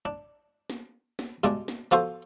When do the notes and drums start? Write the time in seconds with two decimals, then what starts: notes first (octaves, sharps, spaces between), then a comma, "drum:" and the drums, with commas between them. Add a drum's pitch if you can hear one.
0.05 D4
0.70 drum: snare
1.19 drum: snare
1.44 G2 B2 G#3 D4 A5 D6
1.68 drum: snare
1.91 F3 B3 F4 F#4 A4 C5